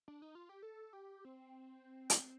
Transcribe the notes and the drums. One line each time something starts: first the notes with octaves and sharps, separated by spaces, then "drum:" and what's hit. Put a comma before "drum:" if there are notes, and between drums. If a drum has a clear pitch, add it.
D4
D#4
F4
G4
A4
G4
C4
drum: hi-hat